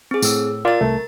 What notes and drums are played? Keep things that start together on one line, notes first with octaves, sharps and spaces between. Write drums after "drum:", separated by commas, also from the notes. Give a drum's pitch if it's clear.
C4 G#4
A2 E6, drum: tambourine
F4 A#4 D5 A6
C2 A3